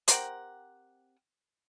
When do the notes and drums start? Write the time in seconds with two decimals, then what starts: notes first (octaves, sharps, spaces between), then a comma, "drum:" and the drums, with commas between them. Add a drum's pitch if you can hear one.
0.08 C4 G4 A#4 F#5, drum: hi-hat